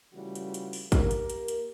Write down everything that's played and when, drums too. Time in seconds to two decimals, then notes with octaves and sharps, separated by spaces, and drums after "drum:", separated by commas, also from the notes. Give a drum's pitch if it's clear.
0.13 C#3 E3 G3 A3 F4 F#4
0.35 drum: hi-hat
0.54 drum: hi-hat
0.73 drum: open hi-hat
0.92 A#3 G4 A#4, drum: kick, hi-hat
1.11 drum: hi-hat
1.30 drum: hi-hat
1.48 drum: hi-hat